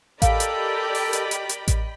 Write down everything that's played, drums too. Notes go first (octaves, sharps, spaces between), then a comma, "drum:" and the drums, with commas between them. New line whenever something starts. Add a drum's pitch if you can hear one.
G4 A4 A#4 D5 D#5 F5 G5 B5, drum: kick A1, hi-hat
drum: hi-hat
drum: open hi-hat
drum: hi-hat
drum: hi-hat
drum: hi-hat
drum: kick A1, hi-hat